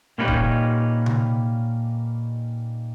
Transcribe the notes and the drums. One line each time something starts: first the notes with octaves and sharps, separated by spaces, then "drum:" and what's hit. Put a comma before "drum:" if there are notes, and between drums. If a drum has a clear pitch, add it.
A#2 A#3 C#4 D#4 G4 B4
drum: kick E1
drum: tom C3